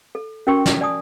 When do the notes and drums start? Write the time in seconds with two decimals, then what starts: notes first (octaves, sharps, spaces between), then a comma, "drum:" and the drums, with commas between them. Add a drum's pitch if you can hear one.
0.15 A4
0.47 C#4 F#4 A#4 G5 C6 C#6
0.66 drum: snare
0.81 D5 G#5 A5 D#6